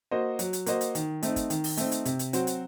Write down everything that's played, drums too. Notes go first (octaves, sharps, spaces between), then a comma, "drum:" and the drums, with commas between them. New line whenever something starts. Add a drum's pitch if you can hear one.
A#3 F#4 C5 D#5
F#3, drum: hi-hat
drum: hi-hat
A#3 F#4 C5 D#5, drum: hi-hat
drum: hi-hat
D#3, drum: hi-hat
A3 C4 D#4, drum: hi-hat
drum: kick, hi-hat
D#3, drum: hi-hat
drum: open hi-hat
A3 C4 D#4, drum: hi-hat
drum: hi-hat
C3, drum: hi-hat
drum: hi-hat
F#3 C4 F#4 C5, drum: hi-hat
drum: hi-hat